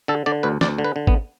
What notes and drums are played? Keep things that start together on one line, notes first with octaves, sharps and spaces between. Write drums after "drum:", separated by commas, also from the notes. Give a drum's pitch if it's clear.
D3 A4
D3 D5
D2 B4
D2 D5, drum: snare
D3
B4
D3
B3, drum: kick G#1